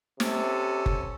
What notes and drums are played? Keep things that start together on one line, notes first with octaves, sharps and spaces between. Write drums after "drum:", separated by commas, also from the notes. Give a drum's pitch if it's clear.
C3 C#4 A4, drum: snare
drum: kick F#1